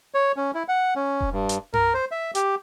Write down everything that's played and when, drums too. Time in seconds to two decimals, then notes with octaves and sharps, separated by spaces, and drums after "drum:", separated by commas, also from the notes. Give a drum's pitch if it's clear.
0.14 C#5
0.37 C#4
0.55 E4
0.68 F#5
0.96 C#4
1.21 drum: kick E1
1.32 G2
1.49 drum: hi-hat
1.73 A#4, drum: tom F#2
1.94 C5
2.11 E5
2.35 G4, drum: hi-hat